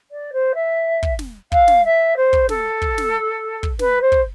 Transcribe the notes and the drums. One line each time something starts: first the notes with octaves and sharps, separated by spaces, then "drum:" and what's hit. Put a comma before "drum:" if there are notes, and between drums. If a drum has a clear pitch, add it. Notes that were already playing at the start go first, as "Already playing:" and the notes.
D5
C5
E5
drum: kick
drum: snare
F5, drum: kick
drum: snare
E5
C5
drum: kick
A4, drum: snare
drum: kick
drum: snare
drum: kick
B4, drum: snare
C5
drum: kick